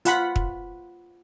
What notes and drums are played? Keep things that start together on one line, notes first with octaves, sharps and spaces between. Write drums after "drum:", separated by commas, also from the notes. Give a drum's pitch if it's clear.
F4 F#5 B5, drum: hi-hat
drum: kick